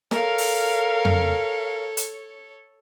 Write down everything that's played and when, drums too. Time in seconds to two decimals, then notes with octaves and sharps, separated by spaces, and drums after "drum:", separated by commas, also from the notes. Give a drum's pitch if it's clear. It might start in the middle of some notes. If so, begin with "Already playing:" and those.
0.11 A4 A#4 C#5 F5, drum: snare
0.38 drum: open hi-hat
1.05 drum: tom F2
1.97 drum: hi-hat